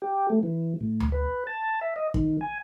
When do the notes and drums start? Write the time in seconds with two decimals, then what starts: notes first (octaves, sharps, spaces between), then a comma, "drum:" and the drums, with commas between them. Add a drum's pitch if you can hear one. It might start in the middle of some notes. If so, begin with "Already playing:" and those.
0.02 G4
0.30 A3
0.43 E3
0.81 A2
1.00 drum: tom D2
1.12 B4
1.47 A5
1.81 E5
1.96 D#5
2.14 D#3, drum: kick
2.41 G#5